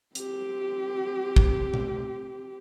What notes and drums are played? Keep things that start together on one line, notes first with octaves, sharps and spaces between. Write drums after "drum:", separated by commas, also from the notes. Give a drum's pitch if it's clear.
C4 G4, drum: hi-hat
drum: kick
drum: tom B2